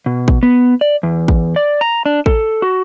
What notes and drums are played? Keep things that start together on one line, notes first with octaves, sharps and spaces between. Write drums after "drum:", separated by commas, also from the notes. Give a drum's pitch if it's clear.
B2
drum: kick
B3
D5
E2
drum: kick
D5
A#5
D4
A4, drum: kick
F#4